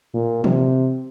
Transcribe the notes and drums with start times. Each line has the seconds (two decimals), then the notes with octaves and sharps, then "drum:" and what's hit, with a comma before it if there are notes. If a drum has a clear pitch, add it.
0.14 A#2
0.44 C3, drum: tom D#3